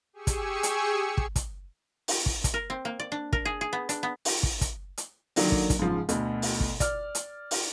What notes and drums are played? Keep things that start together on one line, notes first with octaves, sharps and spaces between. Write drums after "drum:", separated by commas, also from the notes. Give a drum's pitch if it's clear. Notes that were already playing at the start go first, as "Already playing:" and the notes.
G4 G#4 G#5 C#6 E6 C#7
drum: kick, hi-hat
drum: hi-hat
drum: kick
drum: kick, hi-hat
drum: open hi-hat
drum: kick
drum: kick, hi-hat
A#4
C4
A#3
D5
D4
A#4, drum: kick
G#4
G#4
B3
D4, drum: hi-hat
B3
drum: open hi-hat
drum: kick
drum: kick, hi-hat
drum: hi-hat
D3 D#3 F#3 A#3 D4, drum: open hi-hat
drum: kick
drum: kick, hi-hat
G#2 C#3 F3
D2 B2, drum: hi-hat
drum: open hi-hat
drum: kick
D5 F6, drum: kick, hi-hat
drum: hi-hat
drum: open hi-hat